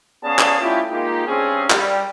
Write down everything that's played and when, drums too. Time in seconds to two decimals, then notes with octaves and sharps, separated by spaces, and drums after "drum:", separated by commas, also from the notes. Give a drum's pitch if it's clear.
0.24 B3 C#4 G#4 D5 F5 A5
0.39 drum: clap
0.61 A3 C#4 E4 F4 G4
0.90 G#3 A#3 D#4 F4 G4
1.28 G2 C4 C#4 G#4
1.70 G3, drum: clap